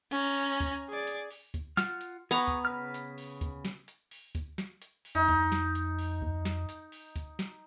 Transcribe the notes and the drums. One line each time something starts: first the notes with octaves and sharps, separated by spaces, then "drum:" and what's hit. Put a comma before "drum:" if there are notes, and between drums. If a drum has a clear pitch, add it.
C#4 A#5
drum: open hi-hat
drum: kick D2, hi-hat
G#4 D5
drum: hi-hat
drum: open hi-hat
drum: kick D2, hi-hat
F4 F#5 F6, drum: snare
drum: hi-hat
B3 G#4 A#5 C#6
drum: kick D2, hi-hat
C#3 B4 F6
drum: hi-hat
drum: open hi-hat
drum: kick D2, hi-hat
drum: snare
drum: hi-hat
drum: open hi-hat
drum: kick D2, hi-hat
drum: snare
drum: hi-hat
drum: open hi-hat
F2 D#4
drum: kick D2, hi-hat
drum: snare
drum: hi-hat
drum: open hi-hat
drum: kick D2
drum: snare
drum: hi-hat
drum: open hi-hat
drum: kick D2, hi-hat
drum: snare